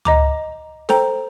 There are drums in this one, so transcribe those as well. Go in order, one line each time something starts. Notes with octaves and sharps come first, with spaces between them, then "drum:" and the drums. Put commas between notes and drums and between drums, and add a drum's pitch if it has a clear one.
D#5 A#5 D6, drum: tom C#2
A4 C5 G5 A#5, drum: snare